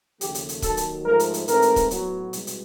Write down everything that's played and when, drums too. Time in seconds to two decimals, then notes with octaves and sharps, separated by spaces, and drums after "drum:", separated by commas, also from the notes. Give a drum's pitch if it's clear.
0.21 D#2 C#3 F3 A3 G4, drum: hi-hat
0.35 drum: hi-hat
0.49 drum: hi-hat
0.62 D#2 D#3 F#3 A4, drum: kick, hi-hat
0.77 drum: hi-hat
1.05 G#2 F3 A3 A#4
1.20 drum: hi-hat
1.34 drum: hi-hat
1.48 G#2 E3 A3 C4 A#4, drum: hi-hat
1.62 drum: hi-hat
1.76 drum: kick, hi-hat
1.91 A2 F#3 B3, drum: hi-hat
2.33 C2 B2 G#3, drum: hi-hat
2.47 drum: hi-hat